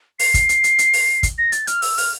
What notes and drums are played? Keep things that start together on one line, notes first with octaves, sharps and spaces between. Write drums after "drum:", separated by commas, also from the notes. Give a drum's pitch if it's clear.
C7, drum: open hi-hat
drum: kick, hi-hat
drum: hi-hat
drum: hi-hat
drum: hi-hat
drum: open hi-hat
drum: kick, hi-hat
A#6
A6, drum: hi-hat
F6, drum: hi-hat
E6, drum: open hi-hat
F6, drum: open hi-hat